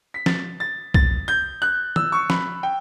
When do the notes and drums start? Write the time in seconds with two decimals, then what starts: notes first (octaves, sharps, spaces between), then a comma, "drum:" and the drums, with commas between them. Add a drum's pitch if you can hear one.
0.14 B6
0.26 A6, drum: snare
0.60 A6
0.94 A6, drum: kick
1.28 G6
1.62 F#6
1.96 E6, drum: tom
2.12 C#6
2.30 B5, drum: snare
2.63 G5